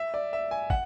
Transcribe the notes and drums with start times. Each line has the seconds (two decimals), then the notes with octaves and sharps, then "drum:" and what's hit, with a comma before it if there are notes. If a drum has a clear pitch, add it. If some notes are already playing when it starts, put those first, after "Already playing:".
Already playing: E5
0.14 D5
0.33 E5
0.51 G#5
0.70 F#5, drum: kick